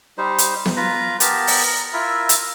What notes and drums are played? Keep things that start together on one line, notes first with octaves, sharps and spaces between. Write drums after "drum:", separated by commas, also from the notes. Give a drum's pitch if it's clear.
G3 D#4 C5
drum: hi-hat
drum: snare B3
F4 B4 A#5
B3 G4 A#4 A5, drum: hi-hat
drum: open hi-hat
A#5
E4 F4 A#4 E5
drum: hi-hat